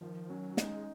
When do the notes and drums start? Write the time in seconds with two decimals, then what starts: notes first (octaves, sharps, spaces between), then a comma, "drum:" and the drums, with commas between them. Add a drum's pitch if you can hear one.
0.01 D#3 F3
0.30 F#3 C#4
0.57 G#3 D#4, drum: snare